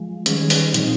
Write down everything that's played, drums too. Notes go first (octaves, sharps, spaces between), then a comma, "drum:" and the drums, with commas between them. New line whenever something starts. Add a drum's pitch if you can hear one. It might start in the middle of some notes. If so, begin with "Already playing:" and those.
Already playing: F3 G#3
D#3 G3 C#4 G#4, drum: hi-hat
drum: open hi-hat
A#2 F3 C4 D#4, drum: hi-hat